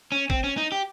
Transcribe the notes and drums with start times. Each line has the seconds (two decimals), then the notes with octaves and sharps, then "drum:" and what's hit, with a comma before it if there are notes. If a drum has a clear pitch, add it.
0.12 C#4
0.30 C4, drum: kick
0.44 C#4
0.57 D#4
0.72 G4